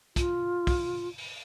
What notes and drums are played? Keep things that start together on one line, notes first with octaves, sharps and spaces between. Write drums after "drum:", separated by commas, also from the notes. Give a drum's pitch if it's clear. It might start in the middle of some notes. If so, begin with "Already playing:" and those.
F4, drum: kick, hi-hat
drum: kick, open hi-hat
drum: open hi-hat